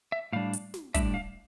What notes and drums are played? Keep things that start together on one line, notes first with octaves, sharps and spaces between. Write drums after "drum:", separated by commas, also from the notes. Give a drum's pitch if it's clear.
E5
A2 G3 D4 F5
drum: hi-hat
drum: snare
A2 G3 D4 E5, drum: kick, hi-hat
F5